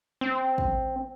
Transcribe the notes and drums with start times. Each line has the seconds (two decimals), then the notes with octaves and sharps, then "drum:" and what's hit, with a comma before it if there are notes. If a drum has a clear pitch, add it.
0.21 C4
0.58 drum: kick